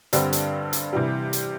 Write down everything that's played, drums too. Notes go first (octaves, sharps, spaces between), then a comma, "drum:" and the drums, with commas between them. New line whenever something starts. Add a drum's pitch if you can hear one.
G2 D3 G3 C4, drum: hi-hat
drum: hi-hat
drum: hi-hat
C3 E3 G3
drum: hi-hat